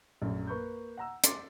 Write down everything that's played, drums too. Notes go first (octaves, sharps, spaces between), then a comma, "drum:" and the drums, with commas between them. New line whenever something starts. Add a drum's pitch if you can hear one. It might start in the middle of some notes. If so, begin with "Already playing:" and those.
A#1 F#2 A3
A#3 B4 C#6 G6
F#5 A#5 E6
C6 D6 A6, drum: hi-hat